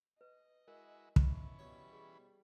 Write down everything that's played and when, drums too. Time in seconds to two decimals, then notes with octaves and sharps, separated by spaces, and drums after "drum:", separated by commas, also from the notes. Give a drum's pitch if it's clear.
0.21 B4 D#5
0.68 G#3 E4 F#4 A#4
1.16 E3 F3 B3 C#4 D#5, drum: kick
1.59 B2 G3 C#5
1.93 G#4